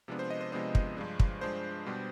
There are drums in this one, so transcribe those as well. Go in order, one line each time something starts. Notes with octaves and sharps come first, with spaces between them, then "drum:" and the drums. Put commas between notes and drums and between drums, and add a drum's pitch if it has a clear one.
C3 F3 G#3 B3 D4
C5
D#5
C5
C3 F3 G#3 B3 D4 C5
drum: kick
G2 F3 G#3 D4
drum: kick
G2 F3 G#3 D4 C5
B2 G3 B3 D4